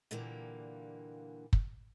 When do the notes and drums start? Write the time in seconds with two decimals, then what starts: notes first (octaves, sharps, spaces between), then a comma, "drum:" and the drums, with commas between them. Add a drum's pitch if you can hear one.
0.11 A#2 D3 E3 G3 A#3
1.53 drum: kick